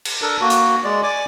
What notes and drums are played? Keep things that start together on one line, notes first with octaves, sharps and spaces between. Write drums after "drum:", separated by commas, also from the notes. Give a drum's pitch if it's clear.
drum: cymbal
D4 A4 A#4
A#3 F#4
drum: hi-hat
G#3 D5
D5 G#5 D6